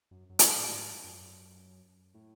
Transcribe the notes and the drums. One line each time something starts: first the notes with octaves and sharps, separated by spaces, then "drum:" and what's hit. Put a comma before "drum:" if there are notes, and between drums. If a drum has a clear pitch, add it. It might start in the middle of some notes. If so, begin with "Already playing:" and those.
F#2
F#2
D#3, drum: hi-hat
A2
G#2
F#2
A2